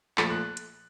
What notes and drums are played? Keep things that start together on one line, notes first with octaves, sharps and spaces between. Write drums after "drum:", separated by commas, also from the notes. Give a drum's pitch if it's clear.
A#2 F3 A3 A6, drum: clap
F#6
drum: hi-hat